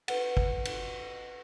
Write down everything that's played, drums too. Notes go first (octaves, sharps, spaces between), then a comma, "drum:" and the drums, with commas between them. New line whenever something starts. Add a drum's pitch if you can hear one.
B4 F#5, drum: cymbal
drum: kick
drum: cymbal